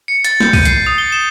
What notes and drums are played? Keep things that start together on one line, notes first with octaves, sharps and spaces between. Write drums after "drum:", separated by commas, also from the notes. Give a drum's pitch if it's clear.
C#7
A6, drum: hi-hat
G6, drum: snare
D#7, drum: kick B1, open hi-hat
C7, drum: hi-hat
D#6
G7
E7